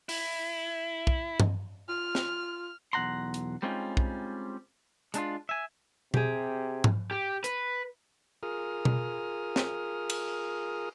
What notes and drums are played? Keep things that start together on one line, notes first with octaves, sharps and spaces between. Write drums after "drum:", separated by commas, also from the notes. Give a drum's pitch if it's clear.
E4, drum: open hi-hat
drum: kick
drum: tom G2
F4 F6
drum: snare
B1 E2 E3 F#5 A#5 C6
drum: hi-hat
G3 G#3 C4 C#4 D#4 F4
drum: kick
G#3 D4 D#4 F4, drum: hi-hat
E5 G#5
C3 G4 G#4, drum: tom B2
drum: tom G#2
G4
B4, drum: hi-hat
F4 G#4 A#4 D#6 F6
drum: tom B2
drum: snare
drum: cymbal